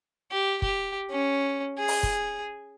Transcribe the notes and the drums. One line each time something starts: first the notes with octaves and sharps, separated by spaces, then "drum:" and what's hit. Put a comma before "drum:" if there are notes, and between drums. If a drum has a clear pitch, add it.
G4
G4, drum: kick
C#4
G#4
drum: open hi-hat
drum: kick